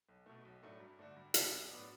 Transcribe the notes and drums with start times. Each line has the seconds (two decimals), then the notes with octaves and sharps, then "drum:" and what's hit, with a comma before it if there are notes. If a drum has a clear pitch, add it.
0.09 B1
0.26 B2 A3
0.45 B1
0.63 A2 F#3 A3 D4
0.80 G2
0.99 D3 A3 D4 F#4
1.16 G2
1.34 F#3 B3 F#4 A4, drum: hi-hat
1.52 B1
1.70 A2 F#3 B3 D4